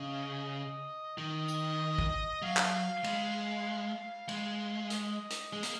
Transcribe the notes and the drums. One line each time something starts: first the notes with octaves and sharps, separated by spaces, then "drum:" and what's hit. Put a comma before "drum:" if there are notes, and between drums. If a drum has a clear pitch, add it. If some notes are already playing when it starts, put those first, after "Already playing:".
Already playing: C#3 D#5
D#5
D#3 D#5
drum: tambourine
drum: kick
F#3 F5
drum: clap
G#3, drum: cymbal
G#3, drum: cymbal
D#5, drum: hi-hat
drum: hi-hat
G#3
A#3, drum: hi-hat